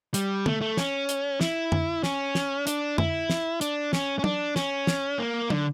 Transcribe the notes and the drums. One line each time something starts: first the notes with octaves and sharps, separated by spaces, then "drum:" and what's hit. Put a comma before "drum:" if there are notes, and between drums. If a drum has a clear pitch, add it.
G3, drum: hi-hat
A3, drum: tom
A3
C#4, drum: snare
drum: hi-hat
E4, drum: snare
drum: tom
C#4, drum: snare
drum: snare
D4, drum: hi-hat
E4, drum: tom
drum: snare
D4, drum: hi-hat
C#4, drum: snare
C#4
D4, drum: tom
C#4, drum: snare
drum: snare
A#3
D3, drum: tom